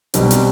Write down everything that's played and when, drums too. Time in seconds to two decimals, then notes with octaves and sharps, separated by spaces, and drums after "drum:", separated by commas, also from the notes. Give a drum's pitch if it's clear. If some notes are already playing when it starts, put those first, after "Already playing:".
0.14 B1 B2 G3 C4 D#4, drum: hi-hat
0.31 drum: hi-hat